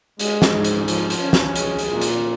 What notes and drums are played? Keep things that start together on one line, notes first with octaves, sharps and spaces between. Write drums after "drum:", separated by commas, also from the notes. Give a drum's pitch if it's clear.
G#3, drum: hi-hat
drum: snare
G#2
drum: hi-hat
F3, drum: hi-hat
drum: hi-hat
C#4
drum: snare
G#3, drum: hi-hat
drum: hi-hat
A#2
drum: hi-hat